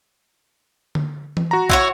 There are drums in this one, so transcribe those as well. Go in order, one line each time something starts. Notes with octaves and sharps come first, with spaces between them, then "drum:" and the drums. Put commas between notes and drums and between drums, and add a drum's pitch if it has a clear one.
drum: tom D3
drum: tom E3
F#4 A#5
E4 F#4 C#5 F#5, drum: kick B1